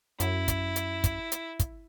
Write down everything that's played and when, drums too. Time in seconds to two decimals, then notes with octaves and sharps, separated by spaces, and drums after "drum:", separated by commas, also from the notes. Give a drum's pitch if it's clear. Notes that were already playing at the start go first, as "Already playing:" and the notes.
0.20 F#2 E4, drum: hi-hat
0.48 drum: kick, hi-hat
0.76 drum: hi-hat
1.04 drum: kick, hi-hat
1.32 drum: hi-hat
1.60 drum: kick, hi-hat